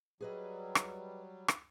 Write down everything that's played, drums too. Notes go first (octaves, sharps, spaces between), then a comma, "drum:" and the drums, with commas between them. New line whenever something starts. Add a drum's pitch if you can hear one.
F#3 G3 G#4 B4 D#5
drum: rim click
drum: rim click